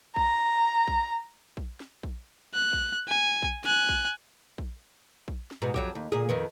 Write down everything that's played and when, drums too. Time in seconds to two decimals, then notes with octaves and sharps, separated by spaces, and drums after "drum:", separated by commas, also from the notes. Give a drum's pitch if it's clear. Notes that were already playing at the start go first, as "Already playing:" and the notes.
0.16 A#5, drum: kick A#1
0.88 drum: kick A#1
1.57 drum: kick A#1
1.80 drum: snare
2.03 drum: kick A#1
2.54 F#6
2.73 drum: kick A#1
3.08 G#5
3.42 drum: kick A#1
3.64 G#5 F#6, drum: snare
3.89 drum: kick A#1
4.58 drum: kick A#1
5.28 drum: kick A#1
5.51 drum: snare
5.62 G#2 B2
5.74 F2 F#3 G4, drum: kick A#1
5.95 D#2
6.12 D2 A#2 G#4
6.29 F2 D#3 B3